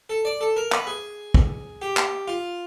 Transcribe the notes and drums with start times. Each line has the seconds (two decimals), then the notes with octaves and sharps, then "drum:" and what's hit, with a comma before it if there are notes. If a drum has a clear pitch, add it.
0.10 A4
0.25 D5
0.41 A4
0.57 A#4
0.72 B4, drum: clap
0.87 G#4
1.34 drum: kick
1.82 G4
1.97 drum: clap
2.28 F4